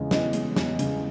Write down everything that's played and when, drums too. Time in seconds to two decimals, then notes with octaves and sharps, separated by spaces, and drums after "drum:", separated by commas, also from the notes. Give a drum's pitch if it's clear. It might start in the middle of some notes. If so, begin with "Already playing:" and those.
Already playing: E2 C#3 E3 G#3 D#5
0.11 E3 D#5, drum: snare
0.33 G#3, drum: hi-hat
0.56 E2, drum: snare
0.79 C#3, drum: hi-hat